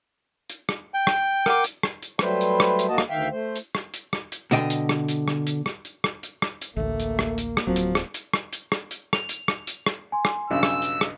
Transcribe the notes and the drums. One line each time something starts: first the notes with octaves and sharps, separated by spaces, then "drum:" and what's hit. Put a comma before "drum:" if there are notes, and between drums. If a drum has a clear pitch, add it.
drum: hi-hat
drum: rim click
G5
drum: rim click
A#4 F#5 D6, drum: rim click
drum: hi-hat
drum: rim click
drum: hi-hat
F#3 G3 A3 B4 C5, drum: rim click
drum: hi-hat
drum: rim click
drum: hi-hat
D#2 A#3 F#4 D#5 A5
drum: rim click
D2 D#3 E5 F5 G5
A3 C5
drum: hi-hat
drum: rim click
drum: hi-hat
drum: rim click
drum: hi-hat
B2 D3 D#5 G5, drum: rim click
drum: hi-hat
drum: rim click
drum: hi-hat
drum: rim click
drum: hi-hat
drum: rim click
drum: hi-hat
drum: rim click
drum: hi-hat
drum: rim click
drum: hi-hat
A1 D2 A3 A#3
drum: hi-hat
drum: rim click
drum: hi-hat
drum: rim click
D1 F3 F#3 C4
drum: hi-hat
drum: rim click
drum: hi-hat
drum: rim click
drum: hi-hat
drum: rim click
drum: hi-hat
F7, drum: rim click
drum: hi-hat
drum: rim click
drum: hi-hat
drum: rim click
G#5 C6
drum: rim click
B1 G2 C#3 E6
drum: rim click
drum: hi-hat
drum: rim click